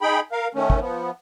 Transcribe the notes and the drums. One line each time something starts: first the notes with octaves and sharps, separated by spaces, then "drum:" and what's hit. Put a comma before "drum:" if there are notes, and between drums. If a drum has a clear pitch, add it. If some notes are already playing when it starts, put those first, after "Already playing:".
D#4 G#4 G5 B5
A#4 F5
D#3 A3 C#4
drum: kick
F3 B3